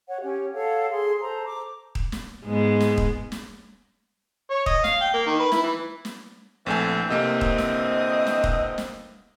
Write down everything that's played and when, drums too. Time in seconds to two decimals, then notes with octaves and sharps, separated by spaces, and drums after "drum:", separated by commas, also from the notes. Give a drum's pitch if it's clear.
0.08 C#5 F#5
0.22 C#4 G4
0.53 A4 C#5 F5 F#5
0.90 G#4 C6
1.21 A4 C5 A5 A#5
1.44 D6
1.95 drum: kick D#1
2.12 drum: snare
2.45 G#2 G#3 B3
2.80 drum: snare
2.98 drum: kick D#1
3.32 drum: snare
4.50 C#5
4.66 D#5, drum: kick D#1
4.84 F5, drum: snare
5.01 G5
5.14 A#3
5.27 D#3
5.40 B4
5.52 E4, drum: snare
5.63 E3
6.05 drum: snare
6.66 A#1 D3 E3 A3 C4 G#5
7.10 C3 A#3 D#5
7.41 drum: kick D#1
7.58 drum: snare
8.27 drum: snare
8.44 drum: kick D#1
8.78 drum: snare